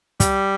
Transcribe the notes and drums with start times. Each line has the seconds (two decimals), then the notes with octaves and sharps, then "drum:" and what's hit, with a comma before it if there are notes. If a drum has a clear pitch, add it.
0.20 G3, drum: kick, hi-hat